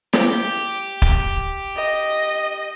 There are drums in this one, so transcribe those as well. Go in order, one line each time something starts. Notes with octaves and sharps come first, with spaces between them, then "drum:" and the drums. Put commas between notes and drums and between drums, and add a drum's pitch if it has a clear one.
G4, drum: snare
drum: kick
D#5